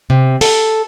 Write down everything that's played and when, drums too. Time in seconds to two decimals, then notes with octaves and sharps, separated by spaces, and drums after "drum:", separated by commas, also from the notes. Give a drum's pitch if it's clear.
0.10 C3
0.41 A4, drum: open hi-hat